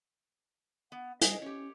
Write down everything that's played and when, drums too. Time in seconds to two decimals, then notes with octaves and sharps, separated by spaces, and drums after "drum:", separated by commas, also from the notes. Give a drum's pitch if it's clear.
0.92 B3 F#5
1.21 G3 G#4 D#5 G#5, drum: hi-hat
1.42 C#4 G4 C#5